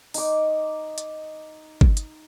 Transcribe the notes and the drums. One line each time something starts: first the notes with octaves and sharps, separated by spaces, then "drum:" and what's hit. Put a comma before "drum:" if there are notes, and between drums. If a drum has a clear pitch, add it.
D#4 D6, drum: open hi-hat
drum: hi-hat
drum: kick
drum: hi-hat